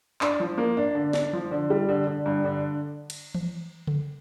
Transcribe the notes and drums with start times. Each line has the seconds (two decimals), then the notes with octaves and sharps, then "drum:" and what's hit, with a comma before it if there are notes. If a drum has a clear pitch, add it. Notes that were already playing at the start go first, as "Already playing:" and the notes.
0.21 D4, drum: clap
0.40 F3
0.58 A#3
0.77 D4
0.95 D3
1.13 D4, drum: snare
1.33 F3
1.51 D3
1.70 G3
1.89 D3
2.07 D3
2.26 G2
2.44 D3
3.10 drum: cymbal
3.35 drum: tom E3
3.87 drum: tom C#3